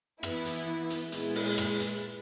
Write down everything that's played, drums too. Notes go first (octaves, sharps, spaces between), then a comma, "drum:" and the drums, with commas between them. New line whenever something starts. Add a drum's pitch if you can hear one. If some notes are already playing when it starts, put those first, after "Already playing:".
E3 B3 E4, drum: rim click
drum: hi-hat
drum: hi-hat
A#2 G#3 B3 E4, drum: hi-hat
drum: open hi-hat
drum: rim click
drum: hi-hat